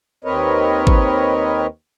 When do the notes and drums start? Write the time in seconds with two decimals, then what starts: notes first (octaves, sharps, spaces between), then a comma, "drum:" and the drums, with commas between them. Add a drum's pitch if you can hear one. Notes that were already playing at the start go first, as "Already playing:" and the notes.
0.24 D#2 C4 A#4 B4 C#5 D#5
0.87 drum: kick G#1